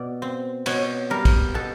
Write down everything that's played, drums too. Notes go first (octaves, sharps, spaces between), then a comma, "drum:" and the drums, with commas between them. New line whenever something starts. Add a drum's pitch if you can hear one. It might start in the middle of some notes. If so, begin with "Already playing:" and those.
Already playing: B2 D5
C4
B2 C#5, drum: cymbal
G3 A#4
drum: kick, cymbal
B2 A4